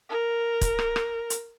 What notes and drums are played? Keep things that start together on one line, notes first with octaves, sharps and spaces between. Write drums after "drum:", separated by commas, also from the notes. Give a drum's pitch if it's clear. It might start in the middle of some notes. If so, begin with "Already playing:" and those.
A#4
drum: kick, hi-hat
drum: rim click
drum: rim click
drum: hi-hat